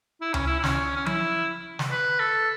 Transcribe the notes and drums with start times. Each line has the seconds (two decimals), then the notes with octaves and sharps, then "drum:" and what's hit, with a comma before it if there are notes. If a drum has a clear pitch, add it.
0.21 E4
0.34 C#4, drum: tom C#2
0.47 E4
0.59 E4
0.64 C#4, drum: snare
0.96 C#4
1.06 E4, drum: tom F3
1.79 drum: snare
1.91 B4
2.20 A4